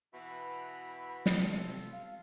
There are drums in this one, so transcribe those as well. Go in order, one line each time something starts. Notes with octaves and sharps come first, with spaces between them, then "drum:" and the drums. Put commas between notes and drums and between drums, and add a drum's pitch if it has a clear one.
B2 E3 F#4 E5 B5
drum: snare
C3 F4 A4
F5